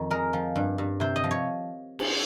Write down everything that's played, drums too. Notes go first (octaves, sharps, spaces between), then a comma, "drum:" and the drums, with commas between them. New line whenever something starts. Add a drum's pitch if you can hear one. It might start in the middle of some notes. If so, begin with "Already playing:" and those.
Already playing: F2 D#3
G#3 A#4
F3
G2
G2
C3 C5
D#5
F3
C#5
drum: cymbal